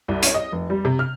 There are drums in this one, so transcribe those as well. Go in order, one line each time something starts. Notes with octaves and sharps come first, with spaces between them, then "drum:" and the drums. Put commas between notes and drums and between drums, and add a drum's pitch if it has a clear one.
C2
C#5, drum: hi-hat
D#5
F1
G3
C3
F6